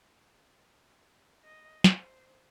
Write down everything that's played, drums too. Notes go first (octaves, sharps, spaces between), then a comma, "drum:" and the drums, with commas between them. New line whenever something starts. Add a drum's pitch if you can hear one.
D#5
C5, drum: snare